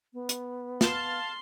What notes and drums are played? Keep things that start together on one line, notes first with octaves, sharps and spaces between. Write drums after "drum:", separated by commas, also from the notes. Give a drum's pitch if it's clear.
B3
drum: hi-hat
F5 A5 C6, drum: snare